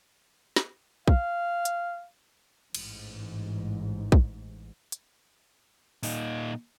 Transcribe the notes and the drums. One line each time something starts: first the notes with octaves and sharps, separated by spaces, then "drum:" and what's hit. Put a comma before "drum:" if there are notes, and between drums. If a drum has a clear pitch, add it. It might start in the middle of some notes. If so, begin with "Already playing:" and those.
drum: snare
F5, drum: kick
drum: hi-hat
A1 G#2, drum: cymbal
drum: kick
drum: hi-hat
A#2 D#4, drum: open hi-hat